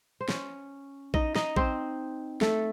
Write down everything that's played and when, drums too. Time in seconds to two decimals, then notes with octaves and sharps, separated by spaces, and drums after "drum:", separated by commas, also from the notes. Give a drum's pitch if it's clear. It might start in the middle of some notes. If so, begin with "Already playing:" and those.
0.20 C5
0.29 C#4 C#5, drum: snare
1.14 D#4 D#5, drum: kick A#1
1.35 D#4 D#5, drum: snare
1.56 C4 C5, drum: kick A#1
2.41 A3 A4, drum: snare